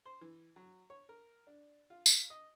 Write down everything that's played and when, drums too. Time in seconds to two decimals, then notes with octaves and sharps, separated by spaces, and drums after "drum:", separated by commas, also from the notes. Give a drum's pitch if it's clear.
0.06 C5
0.21 E3
0.56 F#3
0.90 C#5
1.09 A#4
1.47 D4
1.90 F4
2.06 drum: tambourine
2.30 D#5